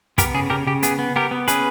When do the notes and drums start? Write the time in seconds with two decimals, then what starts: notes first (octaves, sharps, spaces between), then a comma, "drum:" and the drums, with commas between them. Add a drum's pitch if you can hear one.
0.18 B3 G4 A#4, drum: kick, hi-hat
0.34 C#3 G#4
0.50 C#3 G4 A#4
0.67 C#3 G4
0.83 B3 G#4, drum: hi-hat
0.99 B3
1.16 B3 G4 A#4
1.31 B3
1.48 C#4 G#4 B4, drum: hi-hat